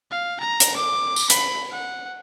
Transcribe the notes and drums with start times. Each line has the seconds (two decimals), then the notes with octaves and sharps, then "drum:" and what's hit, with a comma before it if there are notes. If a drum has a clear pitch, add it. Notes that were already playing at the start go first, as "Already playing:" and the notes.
0.11 F5
0.40 A#5
0.60 drum: hi-hat
0.76 D6
1.16 drum: tambourine
1.30 B5, drum: hi-hat
1.71 F#5